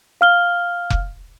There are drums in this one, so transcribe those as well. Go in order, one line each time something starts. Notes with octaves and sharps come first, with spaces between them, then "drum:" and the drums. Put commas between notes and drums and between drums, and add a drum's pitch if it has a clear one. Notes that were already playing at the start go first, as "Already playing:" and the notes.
F5 F6 G7
drum: kick F1